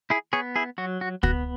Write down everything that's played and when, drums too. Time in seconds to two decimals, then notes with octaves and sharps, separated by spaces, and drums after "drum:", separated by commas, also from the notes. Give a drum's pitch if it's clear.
0.10 E4 G#4
0.33 B3 G#4 C#5
0.56 E4 G#4
0.78 F#3 F#4
1.01 F#4
1.23 B3 F#4, drum: kick